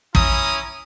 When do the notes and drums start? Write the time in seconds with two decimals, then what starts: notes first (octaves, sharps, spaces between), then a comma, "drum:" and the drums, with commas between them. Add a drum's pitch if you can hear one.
0.15 C#4 E4 A#5 D#6, drum: kick